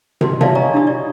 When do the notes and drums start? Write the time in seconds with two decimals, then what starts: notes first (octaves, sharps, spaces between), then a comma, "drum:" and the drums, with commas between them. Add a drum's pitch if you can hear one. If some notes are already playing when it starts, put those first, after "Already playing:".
0.21 F#4 C6, drum: tom
0.41 C#5 D5 E5 F5 A5, drum: tom
0.55 D#5 G#5 A#5 C#6 D#6
0.73 D4 E4 G4 B5 D#6
0.87 D5 C#6